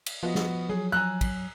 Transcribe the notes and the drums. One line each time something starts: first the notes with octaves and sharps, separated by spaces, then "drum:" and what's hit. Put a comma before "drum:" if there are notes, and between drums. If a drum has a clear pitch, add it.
drum: cymbal
F3 B3 F#4 D#5
drum: snare
F#3 G#4
G#5 A#5 E6 F#6
drum: kick, cymbal